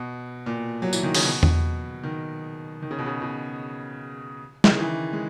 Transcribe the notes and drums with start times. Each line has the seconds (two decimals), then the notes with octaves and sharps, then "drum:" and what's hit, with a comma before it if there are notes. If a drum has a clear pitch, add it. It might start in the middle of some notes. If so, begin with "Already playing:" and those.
Already playing: B2
0.46 A#2
0.82 F#3
0.93 E3, drum: tambourine
1.03 D#3
1.14 C#3, drum: open hi-hat
1.25 B2
1.43 drum: tom E2
2.03 D#3
2.82 D#3
2.91 C#3
2.99 B2
3.06 C#3
3.22 B2
4.64 C#3, drum: snare
4.72 D#3
4.79 E3
5.13 G#3